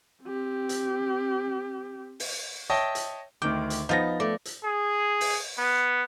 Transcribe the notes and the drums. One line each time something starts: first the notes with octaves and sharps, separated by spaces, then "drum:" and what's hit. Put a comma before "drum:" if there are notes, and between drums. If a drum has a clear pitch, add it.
C4 G4
drum: hi-hat
drum: open hi-hat
C#5 D#5 E5 G5 A5
drum: hi-hat
D2 D#3 G5 D6
drum: hi-hat
F3 B3 D#4 A6 A#6
A3 D5
drum: hi-hat
G#4
drum: open hi-hat
B3